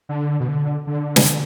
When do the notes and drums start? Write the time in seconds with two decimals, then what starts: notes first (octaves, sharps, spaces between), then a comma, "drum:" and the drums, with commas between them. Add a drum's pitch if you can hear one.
0.09 D3
0.40 B2
0.48 D3
0.87 D3
1.16 B2, drum: snare
1.26 D3